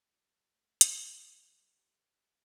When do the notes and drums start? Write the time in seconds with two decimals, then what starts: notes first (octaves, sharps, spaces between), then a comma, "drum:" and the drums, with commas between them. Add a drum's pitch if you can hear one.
0.10 G3
0.51 A3
0.81 drum: hi-hat
0.93 B3
1.34 G3
1.76 G3